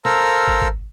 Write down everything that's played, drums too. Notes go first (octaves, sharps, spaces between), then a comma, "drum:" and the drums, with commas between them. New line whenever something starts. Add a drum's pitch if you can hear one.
A4 A#4 C5 F5 A#5 E6, drum: snare
drum: kick
drum: kick